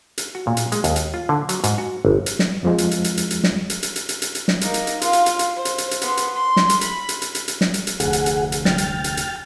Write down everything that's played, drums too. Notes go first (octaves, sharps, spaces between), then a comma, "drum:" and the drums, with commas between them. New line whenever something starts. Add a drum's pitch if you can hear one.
drum: hi-hat
F#4
A#2
drum: hi-hat
G#3, drum: hi-hat
D#2, drum: hi-hat
drum: hi-hat
F4
D3
F#3, drum: hi-hat
G#2, drum: hi-hat
F#4
G1
drum: hi-hat
drum: snare
F2 F3 G#3
drum: hi-hat
drum: hi-hat
drum: hi-hat
drum: hi-hat
drum: hi-hat
drum: snare
drum: hi-hat
drum: hi-hat
drum: hi-hat
drum: hi-hat
drum: hi-hat
drum: hi-hat
drum: snare
A#3 D#4, drum: hi-hat
drum: hi-hat
drum: hi-hat
F4 F5, drum: hi-hat
drum: hi-hat
drum: hi-hat
drum: hi-hat
C5
drum: hi-hat
drum: hi-hat
drum: hi-hat
B3 C6, drum: hi-hat
drum: hi-hat
C6
drum: snare
drum: hi-hat
B5, drum: hi-hat
drum: hi-hat
drum: hi-hat
drum: hi-hat
drum: hi-hat
drum: snare
drum: hi-hat
drum: hi-hat
F1 D2 G#4 F#5, drum: hi-hat
drum: hi-hat
drum: hi-hat
drum: hi-hat
G5 F6 A6, drum: snare
drum: hi-hat
drum: hi-hat
drum: hi-hat